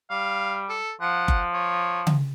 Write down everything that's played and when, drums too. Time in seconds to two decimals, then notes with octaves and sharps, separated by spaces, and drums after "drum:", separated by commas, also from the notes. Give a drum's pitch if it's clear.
0.10 G3 F5
0.69 A4
1.01 F3 F#5
1.28 drum: kick F#1
1.54 C#5
2.07 drum: tom C#3